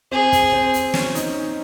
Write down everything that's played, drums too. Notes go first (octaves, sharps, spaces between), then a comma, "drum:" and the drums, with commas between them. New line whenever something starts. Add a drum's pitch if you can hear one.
C4 G#4
drum: kick, hi-hat
C4
drum: hi-hat
C#4, drum: snare
D#4, drum: hi-hat